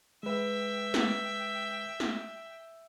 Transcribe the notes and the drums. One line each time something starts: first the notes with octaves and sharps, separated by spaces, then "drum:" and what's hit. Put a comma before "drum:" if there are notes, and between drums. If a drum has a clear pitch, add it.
G#3 B4 E5 G5
drum: snare
drum: snare